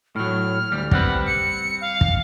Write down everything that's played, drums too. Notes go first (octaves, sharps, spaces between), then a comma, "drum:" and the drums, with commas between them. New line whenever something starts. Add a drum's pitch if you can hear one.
A2 F#3 F6
D2 G3
G3 C4 B4 F#5, drum: kick
C#7
F5
drum: kick